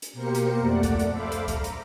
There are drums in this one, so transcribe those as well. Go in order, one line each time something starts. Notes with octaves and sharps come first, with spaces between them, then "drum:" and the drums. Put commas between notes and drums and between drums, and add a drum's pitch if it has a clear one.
drum: hi-hat
B2 A#3 G4 A#4 C5 C#7
drum: hi-hat
F2 A3 D5 F#5
drum: kick C#2, hi-hat
drum: hi-hat
A4 C5 E5 F5 B5 D6
drum: hi-hat
A#5, drum: kick C#2, hi-hat
drum: hi-hat